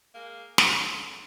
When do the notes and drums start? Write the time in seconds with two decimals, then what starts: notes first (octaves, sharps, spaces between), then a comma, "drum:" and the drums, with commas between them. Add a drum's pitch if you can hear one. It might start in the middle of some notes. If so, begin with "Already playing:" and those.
0.14 G#3 A#3
0.58 D3, drum: snare